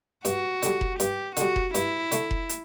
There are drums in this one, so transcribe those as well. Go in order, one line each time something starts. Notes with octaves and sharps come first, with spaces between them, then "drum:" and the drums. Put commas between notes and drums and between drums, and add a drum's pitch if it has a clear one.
G2 F#4, drum: hi-hat
D3 G3, drum: hi-hat
drum: kick F1
G2 G4, drum: hi-hat
D3 G3 F#4, drum: hi-hat
drum: kick F1
G2 E4, drum: hi-hat
D3 A3, drum: hi-hat
drum: kick F1
drum: hi-hat